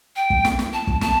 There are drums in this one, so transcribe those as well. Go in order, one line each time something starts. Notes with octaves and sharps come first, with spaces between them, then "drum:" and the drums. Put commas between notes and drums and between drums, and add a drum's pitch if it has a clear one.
G5
drum: kick
drum: snare
drum: snare
A5
drum: kick
A5, drum: snare